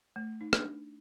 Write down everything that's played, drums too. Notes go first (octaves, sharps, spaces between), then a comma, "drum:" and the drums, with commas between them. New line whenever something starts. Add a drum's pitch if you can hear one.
A3
D#4
D4, drum: rim click